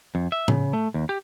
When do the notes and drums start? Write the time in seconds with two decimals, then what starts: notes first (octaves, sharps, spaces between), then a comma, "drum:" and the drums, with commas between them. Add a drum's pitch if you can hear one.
0.15 F2
0.32 E5
0.48 C#3, drum: tom A2
0.73 A3
0.94 D#2
1.09 G4